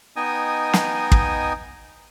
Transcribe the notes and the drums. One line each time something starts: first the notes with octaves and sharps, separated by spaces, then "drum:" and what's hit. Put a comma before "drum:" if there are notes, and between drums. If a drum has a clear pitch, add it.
B3 D#4 D#5 G5 G#5 D#6
drum: snare
drum: kick